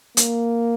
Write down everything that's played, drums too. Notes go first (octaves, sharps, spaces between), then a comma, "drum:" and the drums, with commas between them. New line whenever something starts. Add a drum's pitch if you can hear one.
A#3, drum: hi-hat